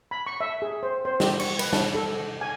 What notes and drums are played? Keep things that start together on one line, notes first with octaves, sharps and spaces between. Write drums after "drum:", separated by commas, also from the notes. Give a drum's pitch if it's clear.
B5
C#6
E5
G#4
C5
C5
G4, drum: snare
C#6, drum: cymbal
B4, drum: cymbal
A5, drum: snare
A4
G#5